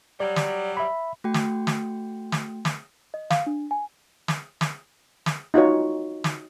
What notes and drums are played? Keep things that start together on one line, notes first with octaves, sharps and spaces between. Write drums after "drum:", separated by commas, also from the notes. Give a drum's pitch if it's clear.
F#3 G3 D5
drum: snare
E5 B5
A3 F#4 G5
drum: snare
drum: snare
drum: snare
drum: snare
D#5
F5, drum: snare
D4
G#5
drum: snare
drum: snare
drum: snare
D#4 F4 F#4 C#5
drum: snare